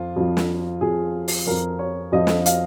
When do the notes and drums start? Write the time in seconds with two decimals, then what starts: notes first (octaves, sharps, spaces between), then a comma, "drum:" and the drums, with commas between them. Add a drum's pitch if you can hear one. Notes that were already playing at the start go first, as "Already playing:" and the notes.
Already playing: F2 F3 F4
0.16 F2 F3
0.37 drum: snare
0.81 F2 F3 G#4
1.28 drum: open hi-hat
1.46 F2 F3 A#4
1.79 C#5
2.12 F2 F3 D#5
2.27 drum: snare
2.46 F5, drum: hi-hat